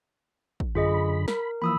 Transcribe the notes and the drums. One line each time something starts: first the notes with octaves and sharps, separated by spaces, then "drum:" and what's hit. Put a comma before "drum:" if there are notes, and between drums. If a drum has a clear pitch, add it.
drum: kick
F#2 D3 F4 G#4 D#5 B5
A#4 B5, drum: snare
E3 F3 A#3 B5 D#6 E6